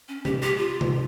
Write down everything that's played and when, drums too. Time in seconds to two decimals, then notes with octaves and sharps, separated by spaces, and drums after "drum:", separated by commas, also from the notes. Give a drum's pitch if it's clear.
0.08 C#4
0.25 G4, drum: tom C3
0.42 G4
0.58 F4
0.81 drum: tom C3